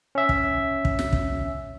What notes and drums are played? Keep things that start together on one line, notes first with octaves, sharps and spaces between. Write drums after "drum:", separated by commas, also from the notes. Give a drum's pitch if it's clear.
C#4 E5
drum: kick
drum: kick
drum: snare
drum: kick